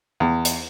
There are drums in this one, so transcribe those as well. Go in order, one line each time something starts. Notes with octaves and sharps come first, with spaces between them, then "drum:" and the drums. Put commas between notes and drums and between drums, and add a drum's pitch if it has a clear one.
E2
drum: hi-hat